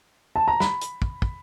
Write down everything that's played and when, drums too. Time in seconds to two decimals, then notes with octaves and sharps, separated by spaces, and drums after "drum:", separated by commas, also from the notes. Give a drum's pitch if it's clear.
0.36 A5
0.48 A#5
0.60 B5, drum: snare
0.81 drum: hi-hat
1.02 drum: kick
1.22 drum: kick